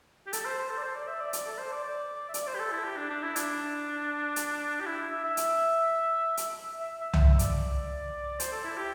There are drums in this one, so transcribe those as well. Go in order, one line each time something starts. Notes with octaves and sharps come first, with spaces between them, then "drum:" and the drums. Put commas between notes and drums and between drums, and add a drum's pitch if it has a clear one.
G4
A4, drum: hi-hat
C5
C5
A4
D5
C5
D5
E5
D5
D5, drum: hi-hat
A4
C5
D5
D5
E5
D5, drum: hi-hat
C5
G4
A4
E4
G4
D4
D4
E4
D4, drum: hi-hat
drum: hi-hat
G4
E4
E5
E5
drum: hi-hat
E5, drum: hi-hat
E5
E5
E5
drum: tom
E5
D5, drum: hi-hat
C5, drum: hi-hat
A4
E4
G4